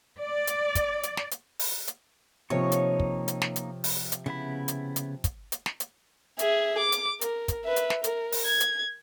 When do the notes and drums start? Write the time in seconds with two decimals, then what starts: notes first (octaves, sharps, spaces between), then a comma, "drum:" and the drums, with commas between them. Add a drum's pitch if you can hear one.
0.19 D5
0.47 drum: hi-hat
0.75 drum: kick, hi-hat
1.03 drum: hi-hat
1.17 drum: snare
1.31 drum: hi-hat
1.59 drum: open hi-hat
1.87 drum: hi-hat
2.50 C3 F3 A#3 D#4 C#5 C#6
2.72 drum: hi-hat
3.00 drum: kick
3.28 drum: hi-hat
3.42 drum: snare
3.56 drum: hi-hat
3.84 drum: open hi-hat
4.12 drum: hi-hat
4.26 C#3 B3 E4 B5
4.68 drum: hi-hat
4.96 drum: hi-hat
5.24 drum: kick, hi-hat
5.52 drum: hi-hat
5.66 drum: snare
5.80 drum: hi-hat
6.39 G#4 E5, drum: hi-hat
6.78 D6
6.92 drum: hi-hat
7.21 A#4, drum: hi-hat
7.48 drum: kick, hi-hat
7.65 B4 E5
7.76 drum: hi-hat
7.90 drum: snare
8.04 A#4, drum: hi-hat
8.32 drum: open hi-hat
8.45 G#6
8.60 drum: hi-hat